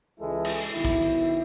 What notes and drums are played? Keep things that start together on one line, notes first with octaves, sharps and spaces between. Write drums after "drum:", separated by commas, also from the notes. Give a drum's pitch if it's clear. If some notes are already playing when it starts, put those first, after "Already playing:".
C#2 E3 G#3 E4 A4
drum: cymbal
B1 D#3 E4
drum: kick